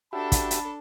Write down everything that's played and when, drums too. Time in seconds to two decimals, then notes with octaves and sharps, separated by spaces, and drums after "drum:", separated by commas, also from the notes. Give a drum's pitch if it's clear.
0.13 D4 F#4 G4 A4 E5 A5 B5
0.32 drum: kick, hi-hat
0.51 drum: hi-hat